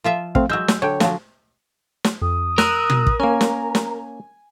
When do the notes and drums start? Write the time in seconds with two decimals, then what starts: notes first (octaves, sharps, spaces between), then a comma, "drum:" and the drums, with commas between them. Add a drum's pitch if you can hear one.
0.04 F3 F4 E5
0.35 A3 C4 F5, drum: kick
0.50 F#3 G#3 E6 G6
0.68 drum: snare
0.82 D3 C#5 G5
1.00 F3 F#3, drum: snare
2.04 drum: snare
2.21 F2 D#6
2.58 A#4 E6 F#6 D#7, drum: snare
2.90 drum: tom
3.07 drum: kick
3.20 A#3 C#4 G#5 A#5
3.41 drum: snare
3.75 drum: snare